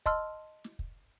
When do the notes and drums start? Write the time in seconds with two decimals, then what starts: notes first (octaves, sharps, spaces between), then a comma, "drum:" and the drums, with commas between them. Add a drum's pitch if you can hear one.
0.06 D#5 A5 C6 E6 F6, drum: kick
0.64 drum: snare
0.79 drum: kick